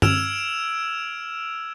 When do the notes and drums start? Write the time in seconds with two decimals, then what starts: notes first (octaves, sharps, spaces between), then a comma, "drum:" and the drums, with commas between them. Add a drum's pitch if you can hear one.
0.02 E6 F6 G#6 D7 E7 F7, drum: tom